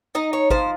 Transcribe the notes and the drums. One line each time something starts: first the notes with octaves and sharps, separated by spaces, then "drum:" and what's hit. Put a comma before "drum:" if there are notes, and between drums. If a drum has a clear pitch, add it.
D#4 D#5
C#5
F3 C5, drum: kick G#1